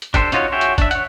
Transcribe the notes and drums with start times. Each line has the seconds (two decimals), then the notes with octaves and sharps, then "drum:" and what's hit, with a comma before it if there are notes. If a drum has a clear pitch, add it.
0.02 drum: hi-hat
0.14 D4 G4 A4 C5, drum: kick F#1, hi-hat
0.32 C#4 D#4 F4 F#4 C#5, drum: hi-hat
0.52 F#4 G#4 C#5 E5 G5
0.61 drum: hi-hat
0.78 D4 E5, drum: kick F#1, hi-hat
0.91 C#5 F#5, drum: hi-hat